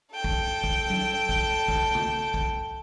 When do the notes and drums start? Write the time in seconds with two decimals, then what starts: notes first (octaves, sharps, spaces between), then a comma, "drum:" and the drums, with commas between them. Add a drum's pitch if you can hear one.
0.11 A4 G5
0.24 drum: kick
0.64 drum: kick
0.90 drum: tom F#3
1.29 drum: kick
1.69 drum: kick
1.95 drum: tom
2.34 drum: kick